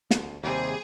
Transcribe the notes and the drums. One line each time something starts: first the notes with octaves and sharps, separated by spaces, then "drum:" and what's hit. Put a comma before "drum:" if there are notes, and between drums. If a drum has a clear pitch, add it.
D2, drum: snare
D#2 C3 G3 G#4 C5